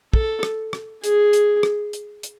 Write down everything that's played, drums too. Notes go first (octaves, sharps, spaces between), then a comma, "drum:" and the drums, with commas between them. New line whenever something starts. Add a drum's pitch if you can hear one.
A4, drum: kick
drum: rim click
drum: rim click
G#4, drum: hi-hat
drum: hi-hat
drum: rim click
drum: hi-hat
drum: hi-hat